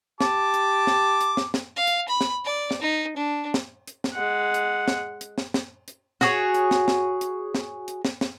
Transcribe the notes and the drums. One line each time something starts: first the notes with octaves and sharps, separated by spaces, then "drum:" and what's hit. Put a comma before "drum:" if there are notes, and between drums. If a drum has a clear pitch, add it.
G4 A5 D6, drum: snare
drum: hi-hat
drum: snare
drum: hi-hat
drum: snare
drum: snare
F5
drum: hi-hat
B5
drum: snare
D5
drum: snare
D#4
D4
drum: snare
drum: hi-hat
drum: snare
G#3 F#5
drum: hi-hat
drum: snare
drum: hi-hat
drum: snare
drum: snare
drum: hi-hat
F#4 G#4 C#5, drum: snare
drum: hi-hat
drum: snare
drum: snare
drum: hi-hat
drum: snare
drum: hi-hat
drum: snare
drum: snare